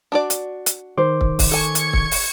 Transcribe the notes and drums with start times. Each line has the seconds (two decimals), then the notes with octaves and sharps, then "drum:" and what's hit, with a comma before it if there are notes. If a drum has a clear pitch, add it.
0.12 D4 F#4 D5
0.30 drum: hi-hat
0.66 drum: hi-hat
0.98 D#3 C5 D6
1.21 drum: kick
1.39 drum: kick, open hi-hat
1.52 A4 G#5 C#6 G#6 C#7
1.75 drum: hi-hat
1.93 drum: kick
2.11 drum: open hi-hat